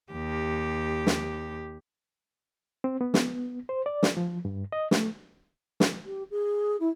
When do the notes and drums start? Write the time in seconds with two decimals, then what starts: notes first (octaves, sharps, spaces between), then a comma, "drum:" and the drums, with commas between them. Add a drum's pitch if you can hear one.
0.12 D#2 G4
1.07 drum: snare
2.84 C4
3.01 B3
3.14 drum: snare
3.69 C5
3.86 D5
4.03 drum: snare
4.17 F3
4.45 G2
4.72 D#5
4.91 A3, drum: snare
5.80 drum: snare
6.06 G4
6.31 G#4
6.80 E4